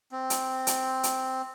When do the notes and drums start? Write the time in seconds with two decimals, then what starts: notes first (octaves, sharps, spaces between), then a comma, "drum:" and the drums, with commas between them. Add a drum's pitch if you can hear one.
0.12 C4
0.30 drum: hi-hat
0.67 drum: hi-hat
1.03 drum: hi-hat